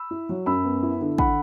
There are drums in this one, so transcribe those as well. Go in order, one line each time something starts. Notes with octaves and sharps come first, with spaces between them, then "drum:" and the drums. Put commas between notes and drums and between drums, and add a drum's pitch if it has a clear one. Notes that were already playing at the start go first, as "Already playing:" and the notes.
Already playing: B5 E6
E4
F#3
F#2 B5 E6
B3
E4
D3
F#5 B5, drum: kick